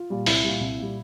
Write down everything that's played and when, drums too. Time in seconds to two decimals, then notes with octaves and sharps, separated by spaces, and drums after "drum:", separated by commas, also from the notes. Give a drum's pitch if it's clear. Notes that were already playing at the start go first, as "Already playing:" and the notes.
Already playing: F4
0.10 A#2 G3
0.26 C2 E4, drum: open hi-hat
0.44 A#2 G3
0.61 C2
0.77 A#2 G3